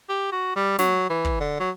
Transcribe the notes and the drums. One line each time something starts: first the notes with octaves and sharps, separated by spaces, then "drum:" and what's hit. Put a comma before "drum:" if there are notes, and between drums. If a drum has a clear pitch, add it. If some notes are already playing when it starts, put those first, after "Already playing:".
G4
F#4
G3
F#3, drum: snare
E3
drum: kick
D3
F#3